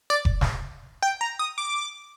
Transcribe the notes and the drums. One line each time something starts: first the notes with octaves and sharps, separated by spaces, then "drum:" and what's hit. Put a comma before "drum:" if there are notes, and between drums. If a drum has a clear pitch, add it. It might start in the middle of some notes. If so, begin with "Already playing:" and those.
D5
drum: kick F1
drum: snare
G5
A#5
D#6
D6